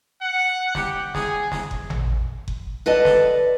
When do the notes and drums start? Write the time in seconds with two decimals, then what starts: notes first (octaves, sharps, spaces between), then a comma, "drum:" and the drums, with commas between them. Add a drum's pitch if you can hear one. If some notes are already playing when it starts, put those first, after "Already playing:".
0.22 F#5
0.75 G4, drum: snare
1.15 G#4, drum: snare
1.52 drum: snare
1.71 drum: kick F#1
1.90 drum: tom A1
2.48 drum: kick F#1
2.86 A4 B4 D5 D#5 F#5 A5
3.05 drum: snare